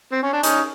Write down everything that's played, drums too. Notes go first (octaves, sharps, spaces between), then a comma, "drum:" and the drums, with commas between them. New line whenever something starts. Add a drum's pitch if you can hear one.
C4
C#4
D4
C#4 D#4, drum: hi-hat